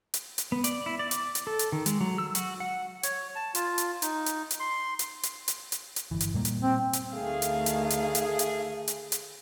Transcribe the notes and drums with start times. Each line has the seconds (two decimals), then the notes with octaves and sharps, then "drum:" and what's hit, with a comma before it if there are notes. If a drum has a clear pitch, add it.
0.14 drum: hi-hat
0.38 drum: hi-hat
0.52 B3
0.64 D5, drum: hi-hat
0.86 E4
0.99 D5
1.11 D6, drum: hi-hat
1.35 drum: hi-hat
1.47 A4
1.59 drum: hi-hat
1.72 D#3
1.86 G#3, drum: hi-hat
2.01 F#3
2.18 E6
2.35 F#4, drum: hi-hat
2.60 F#5
3.03 C#5, drum: hi-hat
3.36 A5
3.55 F4, drum: hi-hat
3.78 drum: hi-hat
4.02 D#4, drum: hi-hat
4.26 drum: hi-hat
4.51 drum: hi-hat
4.60 C6
4.99 drum: hi-hat
5.23 drum: hi-hat
5.48 drum: hi-hat
5.72 drum: hi-hat
5.96 drum: hi-hat
6.11 G1 E3
6.21 drum: hi-hat
6.34 A#2 G3 A#3
6.45 drum: hi-hat
6.61 C4
6.93 drum: hi-hat
7.14 D2 D#3 A3 G#4 F5
7.42 drum: hi-hat
7.66 drum: hi-hat
7.90 drum: hi-hat
8.15 drum: hi-hat
8.39 drum: hi-hat
8.88 drum: hi-hat
9.12 drum: hi-hat